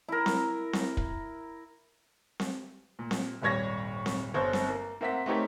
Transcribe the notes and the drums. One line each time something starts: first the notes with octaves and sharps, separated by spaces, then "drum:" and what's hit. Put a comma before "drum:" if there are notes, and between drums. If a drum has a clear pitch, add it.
E4 A#4
drum: snare C4
drum: snare C4
drum: kick
drum: snare C4
A#2
drum: snare C4
D#1 G#1 G3 C#5 G#6 A#6
drum: snare C4
G1 C5 C#5
drum: snare C4
A#3
A#3 C4 E5 F#5 B6
A3 C4 D#4 G4 A#4 C#5